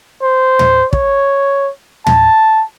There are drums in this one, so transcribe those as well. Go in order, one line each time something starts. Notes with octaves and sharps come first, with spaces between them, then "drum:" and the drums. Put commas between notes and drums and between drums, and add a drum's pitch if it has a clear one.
C5
drum: tom
C#5, drum: kick
A5, drum: tom